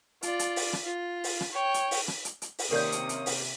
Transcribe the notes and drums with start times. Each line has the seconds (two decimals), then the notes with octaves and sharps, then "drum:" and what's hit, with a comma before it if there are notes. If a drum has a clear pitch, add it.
0.23 F4 D5, drum: hi-hat
0.39 drum: hi-hat
0.56 drum: open hi-hat
0.73 drum: rim click
0.85 F4
1.24 drum: open hi-hat
1.41 drum: rim click
1.52 C#5 G5
1.74 drum: hi-hat
1.91 drum: open hi-hat
2.08 drum: rim click
2.25 drum: hi-hat
2.42 drum: hi-hat
2.59 drum: open hi-hat
2.71 C3 D#3 A#3 C#4 A#4 D5 D#6 G6
2.92 drum: hi-hat
3.09 drum: hi-hat
3.26 drum: open hi-hat